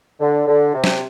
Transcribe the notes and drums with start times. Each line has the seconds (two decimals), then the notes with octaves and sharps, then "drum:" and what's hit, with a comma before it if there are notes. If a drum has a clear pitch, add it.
0.20 D3
0.48 D3
0.74 C3
0.84 drum: snare